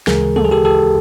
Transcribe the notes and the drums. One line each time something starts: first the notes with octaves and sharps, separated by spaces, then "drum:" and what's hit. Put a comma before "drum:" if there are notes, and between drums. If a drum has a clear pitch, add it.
D2 C#3 E3 G#3 G#4 A#4, drum: snare
A4, drum: tom
G#4
G4 A4
G4 A4